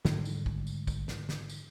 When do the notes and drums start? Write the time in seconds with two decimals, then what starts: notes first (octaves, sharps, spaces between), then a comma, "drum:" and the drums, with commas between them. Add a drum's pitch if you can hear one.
0.05 G#2 D3 D#3 G3, drum: snare
0.25 drum: tambourine
0.46 drum: kick
0.67 drum: tambourine
0.87 drum: kick, tambourine
1.08 drum: snare
1.29 drum: snare
1.50 drum: tambourine